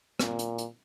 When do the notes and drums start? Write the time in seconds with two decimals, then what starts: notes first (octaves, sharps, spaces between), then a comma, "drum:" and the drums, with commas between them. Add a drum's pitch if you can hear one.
0.19 A#2, drum: rim click
0.39 drum: hi-hat
0.58 drum: hi-hat